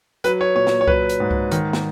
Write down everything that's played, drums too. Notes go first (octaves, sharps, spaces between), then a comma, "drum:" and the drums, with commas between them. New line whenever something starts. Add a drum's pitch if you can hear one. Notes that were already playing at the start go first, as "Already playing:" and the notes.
F#3 B4, drum: hi-hat
C#5
A#2 C#5
drum: snare
C#5
F#3 B4, drum: kick C2
drum: hi-hat
G#2
drum: kick C2
D#3, drum: hi-hat
drum: snare